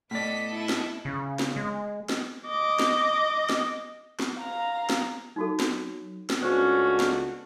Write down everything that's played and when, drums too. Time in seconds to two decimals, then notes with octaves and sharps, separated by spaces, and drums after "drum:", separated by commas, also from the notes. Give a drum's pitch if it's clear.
0.11 A2 B3 A4 D5 D#5 B6
0.52 E4
0.69 drum: snare
1.05 C#3
1.39 drum: snare
1.56 G#3
2.09 drum: snare
2.47 D#5 D6
2.79 drum: snare
3.49 drum: snare
4.20 drum: snare
4.37 F5 A#5
4.90 drum: snare
5.36 F#3 D#4 F#4 A4
5.60 drum: snare
6.30 drum: snare
6.43 C#2 A3 C#4 D4 F#4 C5
7.00 drum: snare